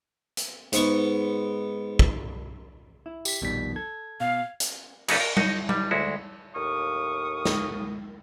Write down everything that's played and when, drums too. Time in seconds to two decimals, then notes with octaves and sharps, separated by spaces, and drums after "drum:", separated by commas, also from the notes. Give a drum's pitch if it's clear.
0.37 drum: hi-hat
0.73 G#2 B3 C#6, drum: hi-hat
1.99 drum: kick
3.06 E4
3.25 G4 B6, drum: tambourine
3.42 A#1 F2 B2 D#3 G3 B6
3.76 A4 G#6
4.20 B2 F5
4.60 drum: hi-hat
5.08 C#3 F#3 A#3 D#4 A4 B4, drum: cymbal
5.21 A#4
5.37 D#4 F#4 D#5, drum: tom G3
5.69 G3, drum: tom G3
5.91 D2 G#3 E4 F#4
6.56 D#2 A2 F5 C#6 D#6
7.45 drum: snare